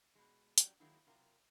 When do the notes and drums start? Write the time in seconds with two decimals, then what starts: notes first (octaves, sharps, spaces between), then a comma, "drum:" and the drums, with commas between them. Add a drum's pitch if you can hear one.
0.15 B2 G#3
0.58 F#3 C#4 G4 D5, drum: hi-hat
0.80 D#3 F#3 G#3 A#3 D#4 E4
1.06 C3 F#3 F4 A#4